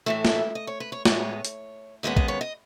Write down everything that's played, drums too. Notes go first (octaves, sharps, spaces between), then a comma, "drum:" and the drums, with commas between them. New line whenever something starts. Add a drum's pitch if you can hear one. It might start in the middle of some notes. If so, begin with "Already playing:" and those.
A2 E3 A3 E5
drum: snare
D#5
C#5
B4
C#5
A2 G#3 B3 C#5, drum: snare
drum: hi-hat
D#2 C#3 G#3 B3 D#5
D#5, drum: kick A#1
C#5
D#5